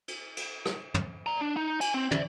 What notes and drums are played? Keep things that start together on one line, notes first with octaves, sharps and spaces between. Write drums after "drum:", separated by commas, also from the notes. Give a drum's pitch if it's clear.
drum: cymbal
drum: cymbal
drum: rim click
drum: tom
D5 A#5
D4
D#4
G#5, drum: cymbal
C4
D5 E5, drum: tom